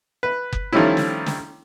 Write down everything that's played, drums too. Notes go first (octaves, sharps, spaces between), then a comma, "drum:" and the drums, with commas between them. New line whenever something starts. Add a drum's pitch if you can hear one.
B4
drum: kick F#1
D#3 F3 G3 A3 C#4 E4
drum: snare
drum: snare